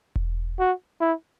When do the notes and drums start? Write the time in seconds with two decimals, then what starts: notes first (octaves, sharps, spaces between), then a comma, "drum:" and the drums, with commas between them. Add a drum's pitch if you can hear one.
0.16 drum: kick E1
0.59 F#4
1.01 E4